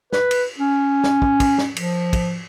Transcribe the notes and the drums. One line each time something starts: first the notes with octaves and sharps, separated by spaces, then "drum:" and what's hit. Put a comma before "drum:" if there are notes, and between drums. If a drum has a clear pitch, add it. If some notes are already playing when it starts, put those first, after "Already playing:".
B4, drum: snare
drum: cymbal
C#4
drum: snare
drum: kick
drum: kick, cymbal
drum: snare
F3, drum: cymbal
drum: kick, cymbal